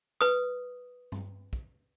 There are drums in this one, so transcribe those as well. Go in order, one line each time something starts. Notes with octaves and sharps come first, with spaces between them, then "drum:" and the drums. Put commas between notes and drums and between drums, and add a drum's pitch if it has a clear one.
B4 D#6
drum: tom G2
drum: kick